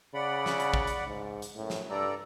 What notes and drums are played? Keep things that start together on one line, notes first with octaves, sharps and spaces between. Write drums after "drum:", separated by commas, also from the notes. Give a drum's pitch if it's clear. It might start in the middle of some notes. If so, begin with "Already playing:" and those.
C#3 D5 F#5 B5
drum: snare
drum: hi-hat
drum: kick
drum: hi-hat
G#2
drum: hi-hat
F#2 A2
drum: snare
G2 A4 D5 A#5